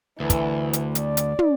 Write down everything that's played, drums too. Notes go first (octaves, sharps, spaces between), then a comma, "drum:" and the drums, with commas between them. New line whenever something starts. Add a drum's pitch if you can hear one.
D2 E3
drum: kick, hi-hat
drum: hi-hat
D5, drum: hi-hat
drum: hi-hat
drum: tom